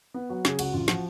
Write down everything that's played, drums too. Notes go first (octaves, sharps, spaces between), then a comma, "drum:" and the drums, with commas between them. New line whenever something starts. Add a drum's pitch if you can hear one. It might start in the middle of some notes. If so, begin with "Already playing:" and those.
B3
F#3 F#4
C#3 G#4, drum: snare
C#2 F#4, drum: cymbal
A1 F4
F3 F#4, drum: snare